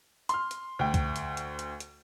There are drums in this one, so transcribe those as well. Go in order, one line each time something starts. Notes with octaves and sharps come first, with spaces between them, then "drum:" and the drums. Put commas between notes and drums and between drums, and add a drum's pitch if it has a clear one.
C6 F6, drum: hi-hat
drum: hi-hat
D2 G5
drum: kick C#2, hi-hat
drum: hi-hat
drum: hi-hat
drum: hi-hat
drum: hi-hat